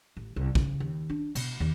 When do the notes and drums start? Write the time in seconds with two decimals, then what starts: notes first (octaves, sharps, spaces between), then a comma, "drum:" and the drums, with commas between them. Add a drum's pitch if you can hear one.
0.17 A1
0.36 C2
0.55 C#3, drum: kick
0.80 D#2
1.10 D4
1.35 B2, drum: cymbal
1.60 D#2